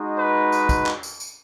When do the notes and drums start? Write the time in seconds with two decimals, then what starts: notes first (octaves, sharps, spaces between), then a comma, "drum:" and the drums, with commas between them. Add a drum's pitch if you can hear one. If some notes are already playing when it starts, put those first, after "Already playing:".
Already playing: G#3 D#4 F#4
0.19 B4
0.52 drum: tambourine
0.69 drum: kick, tambourine
0.86 drum: clap
1.03 drum: tambourine
1.20 drum: tambourine